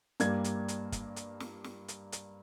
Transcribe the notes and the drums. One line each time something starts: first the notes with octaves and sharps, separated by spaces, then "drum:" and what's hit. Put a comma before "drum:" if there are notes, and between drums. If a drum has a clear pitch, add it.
G2 G3 A#3 G#6, drum: hi-hat
drum: hi-hat
drum: hi-hat
drum: kick G1, hi-hat
drum: hi-hat
drum: snare
drum: snare
drum: hi-hat
drum: hi-hat